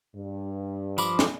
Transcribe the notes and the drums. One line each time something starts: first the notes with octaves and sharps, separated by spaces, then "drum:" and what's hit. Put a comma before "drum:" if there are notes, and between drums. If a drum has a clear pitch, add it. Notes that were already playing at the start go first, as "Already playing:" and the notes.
G2
F3 B5 D6, drum: tambourine
drum: snare